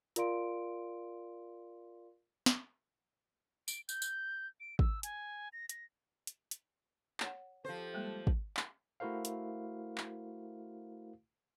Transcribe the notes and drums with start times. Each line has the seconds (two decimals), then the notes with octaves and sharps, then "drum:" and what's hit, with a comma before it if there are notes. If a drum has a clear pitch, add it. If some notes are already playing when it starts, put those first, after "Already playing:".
0.16 F4 A#4 D5 F5 C6 D7, drum: hi-hat
2.46 drum: snare
3.68 D7, drum: tambourine
3.89 G6, drum: tambourine
4.02 drum: tambourine
4.60 D7
4.79 E6, drum: kick
5.03 G#5, drum: hi-hat
5.53 A#6
5.69 A#6, drum: hi-hat
6.27 drum: hi-hat
6.51 drum: hi-hat
7.20 C#5 F#5, drum: clap
7.65 F3 G4 A4 C5
7.94 G3 G#3 A#3
8.27 drum: kick
8.57 drum: clap
9.00 A3 E4 F#4 A#4 C5 F5
9.25 drum: hi-hat
9.98 drum: clap